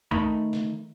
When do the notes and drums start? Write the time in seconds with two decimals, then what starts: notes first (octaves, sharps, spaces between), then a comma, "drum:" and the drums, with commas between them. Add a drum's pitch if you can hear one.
0.11 D#3 A3 D#4 B5, drum: kick
0.53 drum: snare